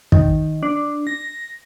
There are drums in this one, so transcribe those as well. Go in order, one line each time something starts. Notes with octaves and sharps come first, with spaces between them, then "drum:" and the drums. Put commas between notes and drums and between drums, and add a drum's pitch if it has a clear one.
D#3, drum: kick
D4
A#6